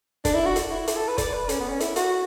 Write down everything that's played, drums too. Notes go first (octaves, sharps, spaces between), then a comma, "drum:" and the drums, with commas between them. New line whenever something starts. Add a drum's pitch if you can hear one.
D4, drum: kick, hi-hat
E4
F#4
drum: hi-hat
E4
E4, drum: hi-hat
A4
B4
D5, drum: kick, hi-hat
B4
C#4, drum: hi-hat
B3
C#4
E4, drum: hi-hat
F#4, drum: hi-hat